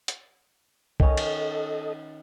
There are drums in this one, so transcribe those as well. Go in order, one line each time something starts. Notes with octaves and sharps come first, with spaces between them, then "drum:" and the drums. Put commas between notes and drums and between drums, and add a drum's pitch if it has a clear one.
drum: hi-hat
D#3 C#4 A4 D#5, drum: kick
drum: cymbal